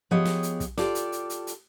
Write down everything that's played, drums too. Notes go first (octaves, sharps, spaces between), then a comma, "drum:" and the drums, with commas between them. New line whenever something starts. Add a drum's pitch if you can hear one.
F3 B3 G4 G#4 C#5 D#5
drum: snare
drum: hi-hat
drum: kick, hi-hat
F4 G4 A4 D5, drum: snare
drum: hi-hat
drum: hi-hat
drum: hi-hat
drum: hi-hat